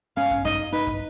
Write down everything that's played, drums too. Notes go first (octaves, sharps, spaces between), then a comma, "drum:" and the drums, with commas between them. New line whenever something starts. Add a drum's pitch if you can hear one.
C#4 F5
drum: kick
D#4 D#5, drum: kick
D#4 B4
drum: kick